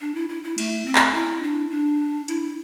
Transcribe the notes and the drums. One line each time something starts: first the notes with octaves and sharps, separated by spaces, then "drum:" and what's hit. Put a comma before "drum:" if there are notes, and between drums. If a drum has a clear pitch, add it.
D4
E4
E4
E4
A3, drum: cymbal
C4
drum: clap
E4
D4
D4
E4, drum: hi-hat